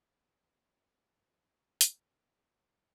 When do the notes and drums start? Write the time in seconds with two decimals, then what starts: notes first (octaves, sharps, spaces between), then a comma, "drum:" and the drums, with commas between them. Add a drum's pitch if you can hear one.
0.23 D2
0.77 C3 G#3 D#4
1.08 F#4
1.49 D#3 C#4
1.81 E1, drum: hi-hat